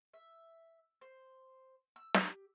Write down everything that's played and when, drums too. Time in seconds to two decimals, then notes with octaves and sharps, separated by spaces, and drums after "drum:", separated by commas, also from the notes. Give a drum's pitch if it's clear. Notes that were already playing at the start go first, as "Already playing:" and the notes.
0.14 E5
1.01 C5
1.96 E6
2.14 G4, drum: snare